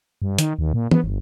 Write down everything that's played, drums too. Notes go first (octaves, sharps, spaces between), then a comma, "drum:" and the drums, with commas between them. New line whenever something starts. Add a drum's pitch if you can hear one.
G2
D#3, drum: hi-hat
D#2
A#2
B3, drum: tom
G1